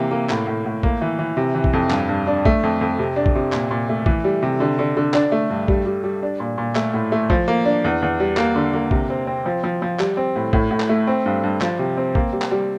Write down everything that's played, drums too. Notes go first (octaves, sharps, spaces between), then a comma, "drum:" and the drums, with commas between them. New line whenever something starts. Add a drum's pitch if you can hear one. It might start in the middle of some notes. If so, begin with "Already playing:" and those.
Already playing: C3 E3 A#3
A#3
A2, drum: clap
A2
A2
A#3, drum: kick
E3
E3
C3
E3
drum: kick
F2
G2, drum: clap
G2
D4
A3, drum: kick
F2
F2
C3
D4
drum: kick
C3
A#2, drum: clap
A#2
A3
E3, drum: kick
G3
C3
D3
D3
D3
D4, drum: clap
A3
G2
G3, drum: kick
G3
G3
D4
A#2
A#2
A3, drum: clap
A2
A3
F3, drum: kick
A#3
D4
E2
E2
G3
A#3, drum: clap
D3
A#3
C3, drum: kick
C4
C4
F3
F3
F3
G3, drum: clap
C4
A2
A2, drum: kick
A2
drum: clap
A3
C4
G2
G2
F3, drum: clap
C3
C4
A#3, drum: kick
G3
drum: clap
G3